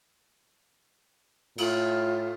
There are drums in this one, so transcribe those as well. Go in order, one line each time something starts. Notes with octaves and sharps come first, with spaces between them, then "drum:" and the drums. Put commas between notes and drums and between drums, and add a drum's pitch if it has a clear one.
A2 F4, drum: cymbal